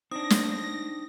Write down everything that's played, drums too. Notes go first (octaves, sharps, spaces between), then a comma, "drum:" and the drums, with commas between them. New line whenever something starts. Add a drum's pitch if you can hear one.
C4 D4 D#4 D#6 A#6
drum: snare